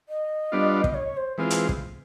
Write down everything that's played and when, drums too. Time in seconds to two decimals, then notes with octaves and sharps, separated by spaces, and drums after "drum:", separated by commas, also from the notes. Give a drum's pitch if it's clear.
0.09 D#5
0.52 G3 B3 D4 F4
0.84 drum: kick
0.94 C#5
1.17 C5
1.37 E3 G#3 C4 F4 B4
1.50 drum: hi-hat
1.69 drum: kick